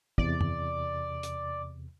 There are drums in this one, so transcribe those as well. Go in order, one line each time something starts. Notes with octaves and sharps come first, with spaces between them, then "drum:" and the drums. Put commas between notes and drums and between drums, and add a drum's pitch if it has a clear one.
E2 C3 D5, drum: kick
drum: tom F#2
drum: hi-hat